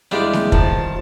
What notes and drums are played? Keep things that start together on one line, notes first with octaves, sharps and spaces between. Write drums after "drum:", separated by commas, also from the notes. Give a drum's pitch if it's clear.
E2 G3 G#3 D4 F4 G4
drum: snare
D#3 F3 A5, drum: kick